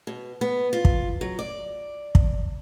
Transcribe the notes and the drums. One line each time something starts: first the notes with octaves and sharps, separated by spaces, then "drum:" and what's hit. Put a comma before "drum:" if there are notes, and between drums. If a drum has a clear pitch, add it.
B2
B3
F4
drum: kick
F#3
D5
drum: kick